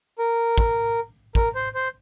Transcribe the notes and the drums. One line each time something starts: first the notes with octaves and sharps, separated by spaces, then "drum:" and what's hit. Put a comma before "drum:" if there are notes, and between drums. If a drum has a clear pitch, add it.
A#4
drum: kick
A#4, drum: kick
C5
C5